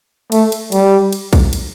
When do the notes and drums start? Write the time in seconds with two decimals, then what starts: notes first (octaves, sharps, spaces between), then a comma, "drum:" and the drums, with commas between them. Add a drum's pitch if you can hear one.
0.32 A3, drum: cymbal
0.52 drum: cymbal
0.72 G3, drum: cymbal
1.13 drum: cymbal
1.33 drum: kick B1, cymbal
1.53 drum: cymbal